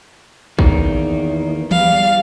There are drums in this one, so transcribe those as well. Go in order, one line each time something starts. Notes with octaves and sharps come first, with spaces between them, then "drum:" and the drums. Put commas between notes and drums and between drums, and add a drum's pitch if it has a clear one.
E2 D#3 A#3 D#4, drum: kick
E2 G3 F5, drum: tom